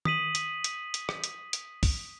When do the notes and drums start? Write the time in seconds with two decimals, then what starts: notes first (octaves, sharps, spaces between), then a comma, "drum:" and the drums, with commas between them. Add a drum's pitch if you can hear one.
0.05 D#6 B6 D#7 F#7, drum: tom D#3
0.35 drum: hi-hat
0.64 drum: hi-hat
0.94 drum: hi-hat
1.09 drum: rim click
1.24 drum: hi-hat
1.53 drum: hi-hat
1.83 drum: kick, open hi-hat